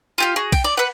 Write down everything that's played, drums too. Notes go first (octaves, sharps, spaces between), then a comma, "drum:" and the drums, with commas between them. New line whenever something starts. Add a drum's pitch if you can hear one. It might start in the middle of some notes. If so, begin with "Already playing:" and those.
F4 G4 F5
F#4 G#4
G5, drum: kick B1, cymbal
D5
B4 F#5